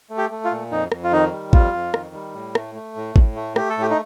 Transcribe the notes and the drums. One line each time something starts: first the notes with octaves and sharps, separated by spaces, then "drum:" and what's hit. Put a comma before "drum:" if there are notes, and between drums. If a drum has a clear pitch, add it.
A3
G4
A3
F4
A#2
F2 D#4
F2, drum: rim click
F4
D#3 D#4
G3
F2 F4, drum: kick G#1
F2
D#3, drum: rim click
G3
A2
A3, drum: rim click
A3
A2
A2, drum: kick G#1
A3
A3 G4, drum: rim click
A4
A2 G4
D#4